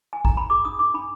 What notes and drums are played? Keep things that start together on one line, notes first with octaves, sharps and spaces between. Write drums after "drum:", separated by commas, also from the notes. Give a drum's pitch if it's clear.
G#5
A#5, drum: kick A1
B5
G#4 D6
D4 D#6
D4 D6
D4 B5